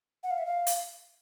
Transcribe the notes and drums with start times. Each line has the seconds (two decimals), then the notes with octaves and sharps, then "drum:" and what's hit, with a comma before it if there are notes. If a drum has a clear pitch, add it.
0.23 F#5
0.31 F5
0.38 E5
0.46 F5
0.67 drum: hi-hat